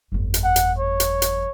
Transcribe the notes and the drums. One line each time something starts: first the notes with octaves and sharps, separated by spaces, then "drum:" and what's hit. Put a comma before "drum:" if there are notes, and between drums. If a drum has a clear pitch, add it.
G1 F2
drum: hi-hat
F#5
drum: hi-hat
C#5
drum: hi-hat
drum: hi-hat